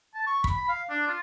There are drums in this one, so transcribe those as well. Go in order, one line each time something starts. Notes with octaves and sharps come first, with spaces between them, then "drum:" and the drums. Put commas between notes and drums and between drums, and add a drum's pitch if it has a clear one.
A5
C#6
B5, drum: kick
B5
F5
D4
F4